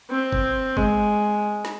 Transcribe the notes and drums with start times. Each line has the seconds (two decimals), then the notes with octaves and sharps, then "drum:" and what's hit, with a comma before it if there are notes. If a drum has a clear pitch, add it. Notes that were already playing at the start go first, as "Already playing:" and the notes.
0.10 C4
0.33 drum: kick G1
0.77 G#3, drum: kick G1
1.65 drum: snare